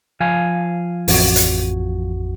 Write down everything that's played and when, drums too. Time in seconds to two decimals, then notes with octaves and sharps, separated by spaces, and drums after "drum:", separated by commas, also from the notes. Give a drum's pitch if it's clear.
0.20 F3 F5 G#5
1.08 A1 F2 F#4, drum: open hi-hat
1.36 drum: hi-hat